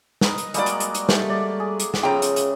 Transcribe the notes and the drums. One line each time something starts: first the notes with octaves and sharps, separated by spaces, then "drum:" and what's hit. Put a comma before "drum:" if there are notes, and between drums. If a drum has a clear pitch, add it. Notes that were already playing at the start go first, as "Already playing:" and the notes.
A#4 B4 D#5, drum: snare
drum: hi-hat
G3 G#3 A#3 F#4 D5, drum: hi-hat
drum: hi-hat
drum: hi-hat
drum: hi-hat
G3 A3, drum: snare
D5
G#4
drum: hi-hat
drum: snare
C#3 F4 G#4 D5 E5 G5 A#5
drum: hi-hat
drum: hi-hat